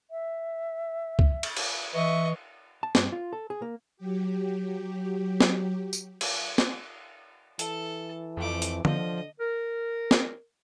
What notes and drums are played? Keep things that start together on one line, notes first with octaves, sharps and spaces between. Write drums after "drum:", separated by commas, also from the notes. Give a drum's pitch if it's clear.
E5
drum: kick
drum: cymbal
drum: cymbal
E3 D#5 E5 C#6
A5
G2, drum: snare
F4
A4
G#4
A#3
F#3 G4
drum: snare
drum: tambourine
drum: cymbal
drum: snare
E3 A4 A5, drum: hi-hat
F2 A3 D6
drum: hi-hat
D3 F3 D#5, drum: tom D3
A#4
drum: snare